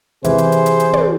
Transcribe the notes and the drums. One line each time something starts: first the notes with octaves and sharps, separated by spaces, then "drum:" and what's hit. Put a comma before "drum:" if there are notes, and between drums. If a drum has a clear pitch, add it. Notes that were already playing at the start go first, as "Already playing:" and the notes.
C3 E3 G#4 C5, drum: hi-hat
drum: hi-hat
drum: hi-hat
drum: hi-hat
drum: hi-hat
drum: tom